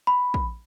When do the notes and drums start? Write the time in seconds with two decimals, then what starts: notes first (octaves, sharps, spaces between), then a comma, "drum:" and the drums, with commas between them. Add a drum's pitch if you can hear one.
0.07 B5
0.34 drum: kick